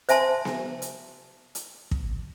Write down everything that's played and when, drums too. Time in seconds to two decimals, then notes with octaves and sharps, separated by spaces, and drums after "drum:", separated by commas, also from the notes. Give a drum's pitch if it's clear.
0.09 C5 E5 G#5 A5 C6, drum: hi-hat
0.45 drum: snare B3
0.82 drum: hi-hat
1.55 drum: hi-hat
1.91 drum: kick